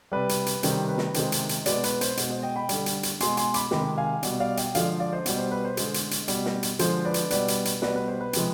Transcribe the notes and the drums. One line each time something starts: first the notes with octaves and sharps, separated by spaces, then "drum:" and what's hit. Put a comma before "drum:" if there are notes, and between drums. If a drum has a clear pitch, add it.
C3 G3 B4 D5
drum: hi-hat
drum: hi-hat
C3 D#3 G3 C5, drum: hi-hat
B4
drum: snare
C3 D#3 G#3 C5, drum: hi-hat
drum: hi-hat
drum: hi-hat
B2 G#3 B4 D5, drum: hi-hat
B4, drum: hi-hat
C5, drum: hi-hat
B2 G#3, drum: hi-hat
C5 D#5
D#5 G5
G5 B5
D3 G3, drum: hi-hat
drum: hi-hat
drum: hi-hat
B2 G#3 G#5 C6, drum: hi-hat
G#5 C6, drum: hi-hat
B5 D6, drum: hi-hat
C3 D#3 G#3 G5 B5, drum: snare
F5 G#5
B2 G3, drum: hi-hat
D5 F5
D#5 G5, drum: hi-hat
D3 F3 G#3 D5 F5, drum: hi-hat
D5 F5
C5 D#5
B2 G3, drum: hi-hat
C5
B4
C5
D3 G#3, drum: hi-hat
drum: hi-hat
drum: hi-hat
B2 G3, drum: hi-hat
drum: snare
drum: hi-hat
D3 F3 G#3 C5, drum: hi-hat
B4 D5
drum: hi-hat
B2 G3 B4 D5, drum: hi-hat
drum: hi-hat
drum: hi-hat
B2 G3 B4 D5, drum: snare
B4
C5
B4
C3 F3 G#3, drum: hi-hat